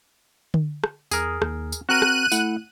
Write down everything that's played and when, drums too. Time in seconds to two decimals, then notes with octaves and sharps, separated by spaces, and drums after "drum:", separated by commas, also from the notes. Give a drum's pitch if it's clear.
0.54 drum: tom D3
0.84 drum: rim click
1.11 E2 G#4 A#4 D#6, drum: tambourine
1.42 D#2, drum: rim click
1.72 drum: tambourine
1.89 C4 F#4 A#4 F#6 D#7
2.02 drum: rim click
2.32 A3 E4 F#5, drum: tambourine